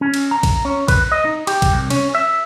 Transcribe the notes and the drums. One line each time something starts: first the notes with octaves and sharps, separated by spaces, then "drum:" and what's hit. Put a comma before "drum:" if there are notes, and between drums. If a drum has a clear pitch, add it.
C#4
drum: cymbal
A#5
drum: kick B1, cymbal
C#4
B4, drum: kick B1, cymbal
D#5
D#4
G4, drum: cymbal
drum: kick B1, cymbal
C2
C#4, drum: cymbal
E5